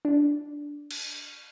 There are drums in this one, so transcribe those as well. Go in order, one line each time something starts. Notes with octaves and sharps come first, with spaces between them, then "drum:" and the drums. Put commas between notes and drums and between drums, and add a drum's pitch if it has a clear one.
D4
drum: cymbal